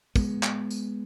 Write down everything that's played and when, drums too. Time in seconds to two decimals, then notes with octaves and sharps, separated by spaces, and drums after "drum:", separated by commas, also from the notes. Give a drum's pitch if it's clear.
0.16 G#3 B3, drum: kick, tambourine
0.43 drum: clap
0.71 drum: tambourine